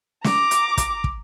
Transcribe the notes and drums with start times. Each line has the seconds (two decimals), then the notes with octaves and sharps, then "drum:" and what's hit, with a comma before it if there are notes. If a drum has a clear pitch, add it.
0.24 A#5 D6, drum: snare
0.51 drum: hi-hat
0.78 drum: kick, hi-hat
1.04 drum: kick